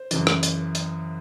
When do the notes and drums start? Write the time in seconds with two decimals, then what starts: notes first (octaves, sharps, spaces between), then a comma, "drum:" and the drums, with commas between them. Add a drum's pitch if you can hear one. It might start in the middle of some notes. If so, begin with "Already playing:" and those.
Already playing: C5
0.11 F#2 C#3 E3, drum: hi-hat
0.27 drum: rim click
0.43 drum: hi-hat
0.75 drum: hi-hat